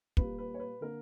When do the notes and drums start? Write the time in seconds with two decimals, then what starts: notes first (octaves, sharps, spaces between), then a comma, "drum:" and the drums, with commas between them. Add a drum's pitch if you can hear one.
0.17 A#2 G3 A#3 B4, drum: kick
0.38 B4
0.54 C#5
0.60 B4
0.81 D3 A#3 A#4